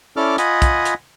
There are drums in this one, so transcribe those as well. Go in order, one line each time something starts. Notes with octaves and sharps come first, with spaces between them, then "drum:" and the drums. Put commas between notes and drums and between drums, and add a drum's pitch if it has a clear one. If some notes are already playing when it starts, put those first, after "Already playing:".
C#4 E4 A4 D5 D6 F6
F4 D#5 F#5 G#5 B5 D#6, drum: hi-hat
drum: kick, hi-hat
drum: hi-hat